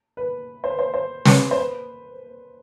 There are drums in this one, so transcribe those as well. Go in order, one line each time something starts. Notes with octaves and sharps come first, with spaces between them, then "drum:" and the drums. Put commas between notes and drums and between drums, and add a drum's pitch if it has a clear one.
B4
C5
B4
C5
C5
B4, drum: snare
C5
B4